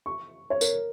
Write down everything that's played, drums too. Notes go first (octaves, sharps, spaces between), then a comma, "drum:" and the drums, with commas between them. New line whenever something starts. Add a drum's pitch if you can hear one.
C#6
C#5
A#4, drum: tambourine